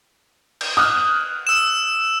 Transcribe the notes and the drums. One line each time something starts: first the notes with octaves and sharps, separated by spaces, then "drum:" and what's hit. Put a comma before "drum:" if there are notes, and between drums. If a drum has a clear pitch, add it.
drum: cymbal
D#6 F6 F#6
E6 E7